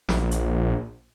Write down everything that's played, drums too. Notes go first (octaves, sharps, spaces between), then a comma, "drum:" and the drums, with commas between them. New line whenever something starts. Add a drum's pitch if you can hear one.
A#1, drum: snare
drum: hi-hat